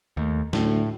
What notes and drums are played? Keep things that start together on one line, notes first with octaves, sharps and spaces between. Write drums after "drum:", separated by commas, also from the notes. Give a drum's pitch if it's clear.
D#2 A3
D2 A2, drum: snare